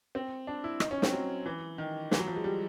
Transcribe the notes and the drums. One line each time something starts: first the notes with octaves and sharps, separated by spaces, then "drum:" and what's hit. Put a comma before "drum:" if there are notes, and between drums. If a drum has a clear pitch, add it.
C4
D4
E4
D#4, drum: rim click
C#4
C4, drum: snare
F#3
E3
D#3
E3, drum: snare
F#3
F3
G#3
G3